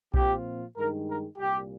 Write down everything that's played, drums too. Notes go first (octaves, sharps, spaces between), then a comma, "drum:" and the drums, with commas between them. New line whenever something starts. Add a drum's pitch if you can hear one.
A#2 F3 C4 F4 G4, drum: kick B1
G2 D#3 G#3 D#4 A#4
A#4
C2 A#2 G3 G4